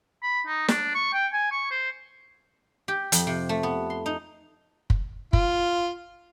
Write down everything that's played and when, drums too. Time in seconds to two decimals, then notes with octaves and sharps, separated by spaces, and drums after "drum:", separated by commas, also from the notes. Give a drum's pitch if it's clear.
0.23 B5
0.47 D#4
0.68 D4, drum: snare
0.95 C#6
1.13 G5
1.33 G#5
1.52 C#6
1.71 C5
2.88 G4
3.12 F2, drum: hi-hat
3.27 C3
3.49 A3
3.63 B3
3.90 C6
4.06 D#4
4.90 drum: kick
5.33 F4, drum: kick